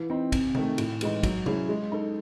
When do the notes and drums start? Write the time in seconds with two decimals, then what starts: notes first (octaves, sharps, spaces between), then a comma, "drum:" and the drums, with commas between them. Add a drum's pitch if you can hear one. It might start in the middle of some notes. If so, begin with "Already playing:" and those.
Already playing: E3
0.10 C4 D#4
0.32 C3, drum: kick, cymbal
0.55 D#3 A3, drum: tom C3
0.78 A2, drum: cymbal
1.01 E3 G#3 D#4, drum: cymbal
1.23 F#3, drum: kick, cymbal
1.46 C#4 E4 G#4, drum: tom C3
1.69 G#3
1.92 D#4 A4